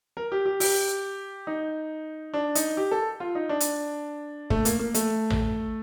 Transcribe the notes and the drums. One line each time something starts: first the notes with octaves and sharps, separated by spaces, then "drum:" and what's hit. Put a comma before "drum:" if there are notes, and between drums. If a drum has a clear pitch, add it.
A#4
G4
G4
G4, drum: open hi-hat
D#4
D4
D#4, drum: hi-hat
G4
A4
F4
D#4
D4
drum: hi-hat
A3, drum: kick
A#3, drum: hi-hat
A#3
A3, drum: hi-hat
drum: tom A1